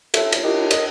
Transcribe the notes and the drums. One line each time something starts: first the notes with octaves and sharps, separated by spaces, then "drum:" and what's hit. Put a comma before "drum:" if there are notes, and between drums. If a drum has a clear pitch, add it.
A4 E5, drum: cymbal
drum: cymbal
E4 F4 G4 A#4 C#5 D#5
A#4 D#5, drum: cymbal